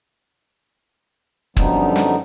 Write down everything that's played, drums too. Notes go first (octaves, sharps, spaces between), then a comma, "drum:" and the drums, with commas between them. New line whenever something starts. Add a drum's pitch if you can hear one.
F#2 D3 F3 G3 B3 D#4, drum: kick
drum: snare